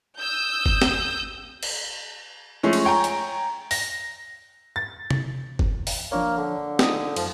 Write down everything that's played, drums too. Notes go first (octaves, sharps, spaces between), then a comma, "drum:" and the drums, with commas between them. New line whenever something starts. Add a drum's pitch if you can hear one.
D#6 E6 G6
drum: kick G1
drum: snare
drum: cymbal
F3 G#3 A3 C#4
drum: cymbal
C#5 G5 G#5 A#5
drum: hi-hat
A#6, drum: open hi-hat
A6
drum: tom C3
drum: kick G1
drum: open hi-hat
F3 A#3 D4 C#5
D3
D#4 F4 D#6, drum: snare
F#2 F3, drum: cymbal